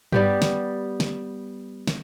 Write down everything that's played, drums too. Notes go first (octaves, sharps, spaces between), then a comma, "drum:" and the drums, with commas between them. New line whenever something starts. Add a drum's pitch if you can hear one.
G3 B3 G4, drum: tom G2
drum: snare
drum: snare
drum: snare